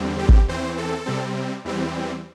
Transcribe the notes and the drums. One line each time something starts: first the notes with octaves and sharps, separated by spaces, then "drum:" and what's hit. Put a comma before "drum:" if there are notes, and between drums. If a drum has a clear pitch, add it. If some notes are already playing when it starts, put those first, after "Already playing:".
Already playing: E2 D3 G3 C4
G4
drum: kick
E2 E3 C4 C5
A4
C3 G3 C4
E2 E3 G3 C4